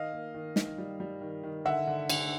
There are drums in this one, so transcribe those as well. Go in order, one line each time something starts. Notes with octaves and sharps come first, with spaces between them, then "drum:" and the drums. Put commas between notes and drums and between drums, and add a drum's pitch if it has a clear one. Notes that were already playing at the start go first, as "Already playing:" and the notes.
Already playing: D#3 D#5 F5
A#3
D#3
D#3, drum: snare
G3
G3
D#3
D#3
D3 E5 F#5
D3
D3, drum: cymbal